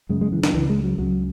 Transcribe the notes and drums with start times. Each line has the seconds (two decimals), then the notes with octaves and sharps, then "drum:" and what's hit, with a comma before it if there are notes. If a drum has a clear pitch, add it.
0.09 F#2 C#3 G#3
0.21 G#3
0.32 E3
0.44 D#3, drum: snare
0.54 C#2 C#3 E3
0.70 G#3
0.84 F#3
0.98 C#2 C#3 F#3